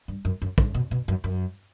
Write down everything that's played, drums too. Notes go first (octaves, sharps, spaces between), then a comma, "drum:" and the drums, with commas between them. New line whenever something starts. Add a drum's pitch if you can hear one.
G2
F#2
F#2
G2, drum: kick
B2
B2
F#2
F#2